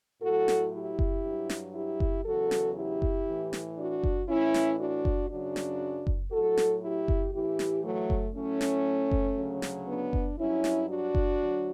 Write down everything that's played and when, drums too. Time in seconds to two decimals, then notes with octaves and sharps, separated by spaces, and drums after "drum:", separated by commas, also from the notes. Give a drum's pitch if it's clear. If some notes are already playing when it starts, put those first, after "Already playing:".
0.22 A2 F#3 F#4 A4
0.48 drum: snare
0.73 E4 G4
0.99 drum: kick F#1
1.24 G2 F#3
1.50 drum: snare
1.75 E4 G4
2.00 drum: kick F#1
2.25 E2 C#3 F#3 F#4 A4
2.51 drum: snare
2.76 E4 G4
3.02 drum: kick F#1
3.27 A2 E3
3.53 drum: snare
3.78 D4 F#4
4.03 drum: kick F#1
4.28 A2 E3 C#4 E4
4.54 drum: snare
4.80 D4 F#4
5.05 drum: kick F#1
5.30 F#2 C#3 F#3 D4 F#4
5.56 drum: snare
6.07 drum: kick F#1
6.32 A2 F#3 F#4 A4
6.57 drum: snare
6.83 E4 G4
7.08 drum: kick F#1
7.34 A2 E3 E4 G4
7.59 drum: snare
7.84 F#3 A3
8.10 drum: kick F#1
8.35 A2 F#3 A3 C#4
8.61 drum: snare
9.11 drum: kick F#1
9.37 D2 C#3 F#3
9.62 drum: snare
9.88 B3 D4
10.13 drum: kick F#1
10.38 G2 F#3 C#4 E4
10.64 drum: snare
10.89 D4 F#4
11.15 drum: kick F#1
11.40 D2 D3 F#3